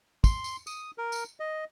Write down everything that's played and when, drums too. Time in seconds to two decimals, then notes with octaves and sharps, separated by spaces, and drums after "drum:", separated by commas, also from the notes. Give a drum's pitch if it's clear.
0.24 C6, drum: kick, tambourine
0.44 drum: tambourine
0.67 D#6, drum: tambourine
0.98 A#4
1.12 drum: tambourine
1.40 D#5